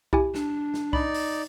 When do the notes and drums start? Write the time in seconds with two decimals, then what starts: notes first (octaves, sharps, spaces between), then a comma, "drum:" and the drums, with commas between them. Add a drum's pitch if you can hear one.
0.13 E4 G4 G#5, drum: kick C2
0.34 D4, drum: snare
0.74 drum: snare
0.93 D#4 D5 B5, drum: kick C2
1.14 drum: open hi-hat